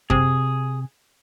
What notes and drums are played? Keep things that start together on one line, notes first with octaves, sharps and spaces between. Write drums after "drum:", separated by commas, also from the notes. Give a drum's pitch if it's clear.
C3 G#4, drum: kick F#2